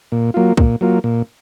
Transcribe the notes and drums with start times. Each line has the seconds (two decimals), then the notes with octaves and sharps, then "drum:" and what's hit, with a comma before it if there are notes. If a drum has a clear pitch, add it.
0.12 A#2
0.34 F#3 A#3 F4
0.57 A#2, drum: kick
0.81 F#3 A#3 F4
1.04 A#2